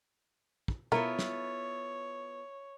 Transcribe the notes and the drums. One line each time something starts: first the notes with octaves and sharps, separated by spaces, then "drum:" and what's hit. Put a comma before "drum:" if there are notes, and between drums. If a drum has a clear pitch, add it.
drum: kick
B3 E4 F4 A4 A#4 C#5, drum: tom
drum: snare